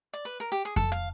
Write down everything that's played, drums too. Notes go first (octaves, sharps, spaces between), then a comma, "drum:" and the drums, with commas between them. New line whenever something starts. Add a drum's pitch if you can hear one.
D5
B4
A#4
G4
G#4
A4, drum: kick F2
F5